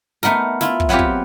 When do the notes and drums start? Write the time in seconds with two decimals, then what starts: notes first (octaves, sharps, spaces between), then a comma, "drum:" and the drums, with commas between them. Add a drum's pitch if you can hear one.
0.23 A3 B3 D#4 A#4, drum: snare
0.61 E4 F4, drum: snare
0.80 drum: kick
0.89 F#3 B3 C4 F4 G4
0.99 drum: kick